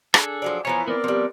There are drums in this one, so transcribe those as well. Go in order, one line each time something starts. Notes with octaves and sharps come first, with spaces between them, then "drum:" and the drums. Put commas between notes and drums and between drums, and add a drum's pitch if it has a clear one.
D4 G#4 A4, drum: rim click
F3 F#3 D5
E3 F3 B3 E4 C#5 G#5 A#5
B3 C4 A#4 D5
F3 G3